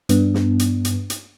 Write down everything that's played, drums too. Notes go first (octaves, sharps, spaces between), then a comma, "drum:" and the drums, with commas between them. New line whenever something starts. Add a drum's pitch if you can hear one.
G2 B3 D4, drum: hi-hat
drum: snare
drum: hi-hat
drum: hi-hat
drum: hi-hat